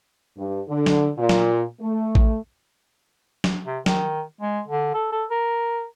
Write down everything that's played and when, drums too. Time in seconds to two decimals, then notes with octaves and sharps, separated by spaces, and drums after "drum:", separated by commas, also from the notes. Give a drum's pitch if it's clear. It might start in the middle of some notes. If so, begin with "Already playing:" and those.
0.37 G2
0.69 D3
0.86 drum: snare
1.18 A#2
1.29 drum: snare
1.81 A3
2.15 drum: kick A1
3.44 drum: snare
3.65 C3
3.86 D#3, drum: snare
4.41 G#3
4.68 D3
4.94 A4
5.12 A4
5.30 A#4